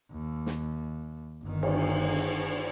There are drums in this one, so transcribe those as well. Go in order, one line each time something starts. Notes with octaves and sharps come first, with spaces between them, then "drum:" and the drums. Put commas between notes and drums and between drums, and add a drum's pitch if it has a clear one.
D#2
drum: snare
G1 D#3
drum: cymbal